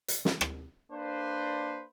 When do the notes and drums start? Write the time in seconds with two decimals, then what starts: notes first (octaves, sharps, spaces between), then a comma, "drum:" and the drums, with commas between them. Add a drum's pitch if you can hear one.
0.08 drum: hi-hat
0.25 drum: snare
0.41 drum: rim click
0.92 A#3 D4 B4 C5